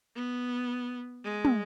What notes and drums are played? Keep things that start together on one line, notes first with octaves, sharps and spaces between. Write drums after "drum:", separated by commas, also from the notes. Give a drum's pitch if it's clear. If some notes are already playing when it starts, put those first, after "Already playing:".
B3
G#3
drum: tom